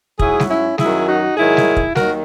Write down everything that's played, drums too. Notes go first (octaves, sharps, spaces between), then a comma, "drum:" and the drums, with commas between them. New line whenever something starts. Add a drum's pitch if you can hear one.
G#2 F#3 E4 G#4, drum: kick
drum: snare G3
C#4 E4
F#2 D#3 F#3 E4 G#4, drum: snare G3
D#4 F#4
G#2 D#3 F#3 E4 G#4
drum: snare G3
drum: kick
D#2 D#3 F#3 F#4 A#4, drum: snare G3